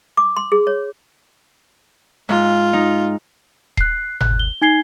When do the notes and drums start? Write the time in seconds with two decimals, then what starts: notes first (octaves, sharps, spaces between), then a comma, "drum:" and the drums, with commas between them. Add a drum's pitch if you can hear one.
0.17 D6
0.37 C6
0.52 G#4
0.67 C#5
2.29 G#2 F4
2.73 D#4
3.77 F#6 C7, drum: kick D#1
4.21 F#6, drum: tom G1
4.40 G7
4.62 D#4 G#5 G#6 C7 G7